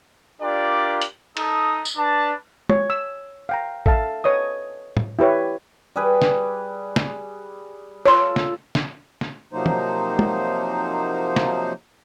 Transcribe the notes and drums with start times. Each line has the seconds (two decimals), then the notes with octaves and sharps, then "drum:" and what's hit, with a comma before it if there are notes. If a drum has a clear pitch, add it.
0.41 D4 F4 G4 A#4 D5
1.01 drum: hi-hat
1.37 D#4 A4 D#6, drum: cymbal
1.85 drum: tambourine
1.96 D4 B4 D5 A5
2.69 C#5, drum: tom
2.90 E6
3.49 F5 G5 A#5
3.86 A4 E5 F5 A5, drum: kick
4.24 B4 C#5 D#5 D#6
4.97 drum: tom
5.19 E4 G4 B4 C#5
5.96 G3 G#4 B4
6.22 drum: snare
6.96 drum: snare
8.06 F4 A4 C#5 C6
8.36 drum: snare
8.75 drum: snare
9.21 drum: snare
9.53 C3 F3 F#3 A#3 D#4 C5
9.66 drum: tom
10.19 drum: tom
11.36 drum: snare